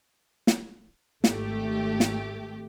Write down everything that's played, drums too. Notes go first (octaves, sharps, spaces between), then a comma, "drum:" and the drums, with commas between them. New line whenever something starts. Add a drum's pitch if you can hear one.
drum: snare
G#1 A3 G4, drum: snare
drum: snare